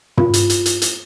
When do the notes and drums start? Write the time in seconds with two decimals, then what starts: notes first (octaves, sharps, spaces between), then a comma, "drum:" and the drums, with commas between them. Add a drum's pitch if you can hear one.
0.18 F4, drum: tom
0.34 drum: hi-hat
0.50 drum: hi-hat
0.66 drum: hi-hat
0.82 drum: hi-hat